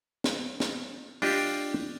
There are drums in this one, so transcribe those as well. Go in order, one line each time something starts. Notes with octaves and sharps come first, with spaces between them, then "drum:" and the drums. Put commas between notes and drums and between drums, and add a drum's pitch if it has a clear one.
drum: snare
drum: snare
D4 F4 G4 D#5, drum: open hi-hat